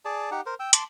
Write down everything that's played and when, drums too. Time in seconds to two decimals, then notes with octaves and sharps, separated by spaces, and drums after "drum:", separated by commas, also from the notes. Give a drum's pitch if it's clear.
0.05 G#4 D5 A5
0.31 D#4 G4 F#5
0.46 A#4 C5
0.60 G5 E6
0.73 A5 C6 D6, drum: hi-hat